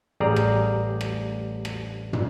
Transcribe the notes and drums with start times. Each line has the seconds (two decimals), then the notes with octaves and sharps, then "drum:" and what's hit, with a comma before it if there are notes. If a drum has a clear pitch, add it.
0.20 A1 G3 G#4 D5 A#5
0.36 drum: rim click
1.01 drum: rim click
1.65 drum: rim click
2.13 drum: tom